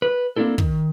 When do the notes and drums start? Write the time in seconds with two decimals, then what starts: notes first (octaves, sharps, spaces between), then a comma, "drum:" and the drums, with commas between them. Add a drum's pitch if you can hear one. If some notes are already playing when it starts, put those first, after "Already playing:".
0.02 B4
0.36 A#3 C4 D4 E4 A4
0.58 D#3, drum: kick